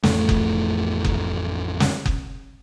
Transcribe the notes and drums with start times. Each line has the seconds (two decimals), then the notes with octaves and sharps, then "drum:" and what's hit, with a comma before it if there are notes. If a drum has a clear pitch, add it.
0.03 A1 F2 A2 A3, drum: snare
0.29 drum: kick F#1
1.05 drum: kick F#1
1.80 drum: snare
2.06 drum: kick F#1